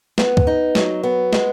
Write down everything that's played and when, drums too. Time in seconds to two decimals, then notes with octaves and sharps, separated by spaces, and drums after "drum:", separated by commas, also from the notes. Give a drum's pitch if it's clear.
0.18 B3, drum: snare
0.37 drum: kick C#2
0.47 D#4
0.75 F#3, drum: snare
1.03 B3
1.33 G#3, drum: snare